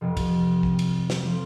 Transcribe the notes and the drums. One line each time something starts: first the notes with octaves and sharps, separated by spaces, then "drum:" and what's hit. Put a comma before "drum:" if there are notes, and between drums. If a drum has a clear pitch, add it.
F1 F2 C3 F3
drum: kick, cymbal
drum: kick
drum: cymbal
drum: snare
F3 A3 C4